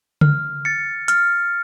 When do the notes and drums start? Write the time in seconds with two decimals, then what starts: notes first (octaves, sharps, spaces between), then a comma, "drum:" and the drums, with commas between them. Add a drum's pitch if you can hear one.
0.21 F6, drum: tom C#3
0.65 A6 C#7
1.08 F6, drum: hi-hat